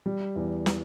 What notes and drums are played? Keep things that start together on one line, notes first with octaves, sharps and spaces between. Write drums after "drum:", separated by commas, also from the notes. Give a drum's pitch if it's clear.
G3
E2
drum: snare